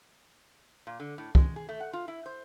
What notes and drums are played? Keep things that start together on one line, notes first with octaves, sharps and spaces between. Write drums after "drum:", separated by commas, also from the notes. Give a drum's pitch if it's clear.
A#2
D3
A2
G#3, drum: kick
G#4
A3
F#5
F4
E4
C5